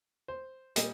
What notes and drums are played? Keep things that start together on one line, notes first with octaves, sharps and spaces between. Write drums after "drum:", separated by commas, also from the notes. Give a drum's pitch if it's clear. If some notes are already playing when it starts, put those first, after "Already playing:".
C5
A#2 G3 D#5, drum: hi-hat